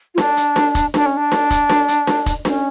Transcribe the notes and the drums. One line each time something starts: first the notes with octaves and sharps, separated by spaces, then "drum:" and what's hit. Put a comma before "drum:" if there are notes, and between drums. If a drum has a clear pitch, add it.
F4
D4, drum: snare D4
drum: hi-hat
drum: snare D4
drum: kick E1, hi-hat
D4, drum: snare D4
C#4
D4
drum: snare D4
drum: kick E1, hi-hat
drum: snare D4
drum: hi-hat
drum: snare D4
drum: kick E1, hi-hat
C#4, drum: snare D4